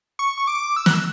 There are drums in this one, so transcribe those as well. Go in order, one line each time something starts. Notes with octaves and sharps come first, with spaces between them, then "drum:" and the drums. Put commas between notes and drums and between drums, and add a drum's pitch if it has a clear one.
C#6
C#6
D6
E6
F#6, drum: snare
E6